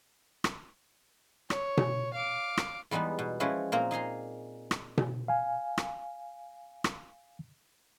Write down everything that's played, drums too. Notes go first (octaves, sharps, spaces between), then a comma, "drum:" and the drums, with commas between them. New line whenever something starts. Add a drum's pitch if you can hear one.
drum: rim click
C#5, drum: rim click
drum: tom B2
F5 D6
drum: rim click
E2 G3 G#3 B3 D#4
B2
F3 G#3 C#4 E4 F#4
A#2 A#3 C4 A#5
D#4 G#4 A#5 C6
drum: rim click
drum: tom B2
F5 G#5
drum: rim click
drum: rim click